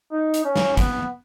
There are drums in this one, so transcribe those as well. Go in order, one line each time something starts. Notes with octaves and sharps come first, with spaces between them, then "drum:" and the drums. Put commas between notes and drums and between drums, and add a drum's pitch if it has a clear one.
D#4
drum: hi-hat
C#4
drum: snare
B3, drum: kick, hi-hat